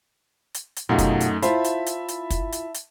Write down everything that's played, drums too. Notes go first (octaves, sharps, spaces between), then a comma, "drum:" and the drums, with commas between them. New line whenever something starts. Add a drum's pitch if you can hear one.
drum: hi-hat
drum: hi-hat
F#2 B2 A3 D#4 F4 G4
drum: kick, hi-hat
drum: hi-hat
E4 F4 C5 E5 A5 B5, drum: hi-hat
drum: hi-hat
drum: hi-hat
drum: hi-hat
drum: kick, hi-hat
drum: hi-hat
drum: hi-hat